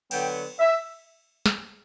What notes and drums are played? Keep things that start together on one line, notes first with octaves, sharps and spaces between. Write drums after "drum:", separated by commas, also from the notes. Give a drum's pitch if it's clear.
D3 F#3 B3 G5, drum: cymbal
E5
drum: snare